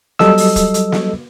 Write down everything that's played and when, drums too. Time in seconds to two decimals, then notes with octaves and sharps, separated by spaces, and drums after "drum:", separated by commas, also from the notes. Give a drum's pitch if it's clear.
0.19 F#3 G3 A4 D#5 E6, drum: snare
0.38 drum: open hi-hat
0.56 drum: kick, hi-hat
0.74 drum: hi-hat
0.92 drum: snare